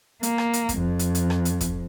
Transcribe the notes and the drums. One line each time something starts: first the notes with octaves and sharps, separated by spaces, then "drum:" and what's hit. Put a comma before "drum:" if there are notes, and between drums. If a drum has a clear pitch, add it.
A#3, drum: hi-hat
drum: rim click
drum: hi-hat
drum: kick, hi-hat
F2
drum: hi-hat
drum: hi-hat
drum: rim click
drum: hi-hat
drum: kick, hi-hat